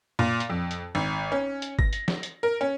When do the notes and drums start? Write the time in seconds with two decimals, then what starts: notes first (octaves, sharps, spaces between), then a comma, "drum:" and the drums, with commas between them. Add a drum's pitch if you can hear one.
0.19 A#2
0.40 drum: hi-hat
0.50 F2
0.71 drum: hi-hat
0.95 G#1
1.32 C#4
1.62 drum: hi-hat
1.79 A#6, drum: kick G#1
1.93 drum: hi-hat
2.08 drum: snare
2.23 drum: hi-hat
2.43 A#4
2.61 C#4